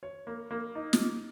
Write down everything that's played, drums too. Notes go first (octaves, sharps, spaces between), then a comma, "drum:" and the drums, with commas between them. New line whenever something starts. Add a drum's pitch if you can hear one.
C#5
A#3
A#3
D#4
drum: snare